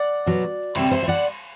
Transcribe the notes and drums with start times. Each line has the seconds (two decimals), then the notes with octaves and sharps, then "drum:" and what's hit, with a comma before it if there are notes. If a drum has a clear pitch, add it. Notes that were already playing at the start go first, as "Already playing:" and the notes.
Already playing: D5 F#5
0.26 B2 F#3 B3
0.75 D2 C3 G3 C4 E5 G5, drum: cymbal
0.91 C5 E5
1.03 E5
1.08 D5 F#5